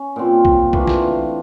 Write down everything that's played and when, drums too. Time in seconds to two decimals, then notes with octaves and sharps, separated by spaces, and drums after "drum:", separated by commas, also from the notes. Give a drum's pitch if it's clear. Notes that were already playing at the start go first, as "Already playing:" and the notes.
Already playing: C#4
0.16 A#2 G3 C4
0.45 drum: kick B1
0.73 E3 A3 D4 F4, drum: kick B1
0.87 drum: snare